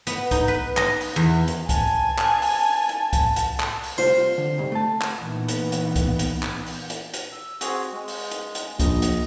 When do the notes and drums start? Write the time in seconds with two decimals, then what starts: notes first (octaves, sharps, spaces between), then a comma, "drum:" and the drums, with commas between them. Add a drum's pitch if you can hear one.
0.07 B3, drum: hi-hat
0.31 D#4, drum: kick C2, hi-hat
0.48 B4
0.77 D#5, drum: clap
1.01 drum: open hi-hat
1.16 E2
1.48 drum: hi-hat
1.69 G#5 A5, drum: kick C2, hi-hat
2.18 drum: clap
2.42 drum: open hi-hat
2.89 drum: hi-hat
3.13 drum: kick C2, hi-hat
3.36 drum: hi-hat
3.60 drum: clap
3.83 drum: open hi-hat
3.98 C2 F4 C5
4.38 D3
4.58 C2 G#2
4.72 A3 A5
5.01 drum: clap
5.20 A#2 D#3 E3 B3
5.49 drum: hi-hat
5.72 drum: hi-hat
5.96 drum: kick C2, hi-hat
6.19 drum: hi-hat
6.43 drum: clap
6.66 drum: open hi-hat
6.90 drum: hi-hat
7.14 drum: hi-hat
7.32 E6
7.61 C4 F#4 G#4, drum: hi-hat
7.92 G#3
8.08 drum: open hi-hat
8.31 drum: hi-hat
8.55 drum: hi-hat
8.80 A#1 D#5, drum: kick C2, hi-hat
9.02 drum: hi-hat